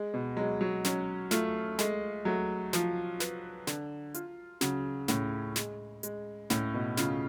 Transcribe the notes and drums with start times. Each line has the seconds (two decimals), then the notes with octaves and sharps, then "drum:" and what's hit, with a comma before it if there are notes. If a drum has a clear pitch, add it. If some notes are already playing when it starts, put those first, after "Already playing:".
Already playing: G#3
0.14 B2
0.37 F#3 G#3
0.61 F#3
0.84 F#3 C#4, drum: snare
1.31 A3 F4, drum: snare
1.79 G#3 A3, drum: snare
2.25 F#3 A3
2.73 F3 F4, drum: snare
3.20 B4, drum: snare
3.67 D3, drum: snare
4.14 F4, drum: hi-hat
4.61 C#3 F#3, drum: snare
5.08 A2 C#4, drum: snare
5.56 G#3, drum: snare
6.03 G#3, drum: hi-hat
6.50 A2 C#4, drum: snare
6.74 B2
6.97 C#3 F4, drum: snare